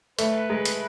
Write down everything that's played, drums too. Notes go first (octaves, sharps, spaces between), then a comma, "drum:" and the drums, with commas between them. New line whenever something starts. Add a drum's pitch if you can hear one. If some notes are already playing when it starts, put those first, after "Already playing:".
A3 B4, drum: hi-hat
G#3
drum: hi-hat